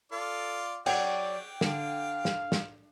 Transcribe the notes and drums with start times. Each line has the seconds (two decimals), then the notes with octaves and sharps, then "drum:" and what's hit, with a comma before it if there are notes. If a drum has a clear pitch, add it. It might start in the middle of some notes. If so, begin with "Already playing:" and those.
0.12 F4 A4 D5 F5
0.86 F#3 G4 C#5 D5 F#5 G5, drum: cymbal
1.61 D3 F5, drum: snare
2.25 drum: snare
2.52 drum: snare